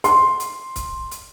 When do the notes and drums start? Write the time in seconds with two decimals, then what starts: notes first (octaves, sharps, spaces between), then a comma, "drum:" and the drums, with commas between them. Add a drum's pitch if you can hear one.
0.04 C6, drum: hi-hat
0.40 drum: hi-hat
0.76 drum: kick, hi-hat
1.11 drum: hi-hat